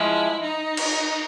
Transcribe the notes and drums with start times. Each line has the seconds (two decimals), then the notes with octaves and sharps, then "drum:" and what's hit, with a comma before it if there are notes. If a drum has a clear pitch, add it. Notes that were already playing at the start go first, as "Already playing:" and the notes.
Already playing: F3 G#3 C#4 E4
0.43 D#4
0.77 drum: cymbal